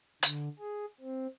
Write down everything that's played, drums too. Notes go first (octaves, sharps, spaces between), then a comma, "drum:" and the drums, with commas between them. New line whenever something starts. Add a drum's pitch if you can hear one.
D3, drum: hi-hat
G#4
C4